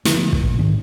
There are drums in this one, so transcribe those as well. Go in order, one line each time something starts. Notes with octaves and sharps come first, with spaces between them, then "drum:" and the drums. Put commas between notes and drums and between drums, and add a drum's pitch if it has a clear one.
D3 F3 A3 B3, drum: snare
drum: kick
A#1 A#2
G#2 D#3 D4